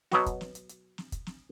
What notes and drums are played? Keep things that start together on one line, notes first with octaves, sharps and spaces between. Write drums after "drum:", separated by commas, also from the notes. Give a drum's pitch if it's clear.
B2 F#3 B3 F#4, drum: snare
drum: kick, hi-hat
drum: snare
drum: hi-hat
drum: hi-hat
drum: snare
drum: kick, hi-hat
drum: snare